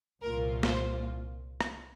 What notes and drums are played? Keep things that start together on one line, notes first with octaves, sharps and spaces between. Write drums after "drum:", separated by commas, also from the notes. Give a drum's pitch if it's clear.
C2 A#2 A#3 F4 A#4
C5, drum: snare
drum: rim click